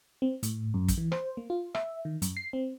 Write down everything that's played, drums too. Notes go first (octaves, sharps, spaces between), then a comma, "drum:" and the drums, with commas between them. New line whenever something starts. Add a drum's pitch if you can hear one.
C4
A2, drum: hi-hat
F#2
drum: kick, hi-hat
E3
C5, drum: rim click
A#3
F4
E5, drum: rim click
D#3
F#2, drum: hi-hat
C7
C4